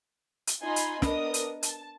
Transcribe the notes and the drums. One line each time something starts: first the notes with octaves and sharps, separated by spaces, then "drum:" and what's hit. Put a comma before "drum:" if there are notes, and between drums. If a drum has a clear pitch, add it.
drum: hi-hat
D#4 F4 D#5 G#5 B5 C6
drum: hi-hat
B3 D4 A#4 D#5 D#6, drum: snare
drum: hi-hat
A5, drum: hi-hat